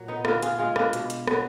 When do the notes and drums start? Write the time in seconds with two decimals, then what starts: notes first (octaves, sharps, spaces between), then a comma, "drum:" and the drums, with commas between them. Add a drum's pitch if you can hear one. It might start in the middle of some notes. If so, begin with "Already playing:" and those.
Already playing: A#2 F#3
0.08 B3 D#4
0.25 D3 D4 F4, drum: rim click
0.42 F4 G#4, drum: hi-hat
0.59 G#3 F4 G#4
0.76 D4 F4, drum: rim click
0.93 B2, drum: hi-hat
1.10 drum: hi-hat
1.27 F#3, drum: rim click